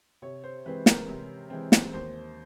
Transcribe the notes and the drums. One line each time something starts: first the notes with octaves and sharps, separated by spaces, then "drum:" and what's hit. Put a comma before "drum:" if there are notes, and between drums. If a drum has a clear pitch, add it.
C3 C#5
C5
E3 G#3 C4 B4
A#4, drum: snare
C3
E3 G#3 C4
drum: snare
D#2 C5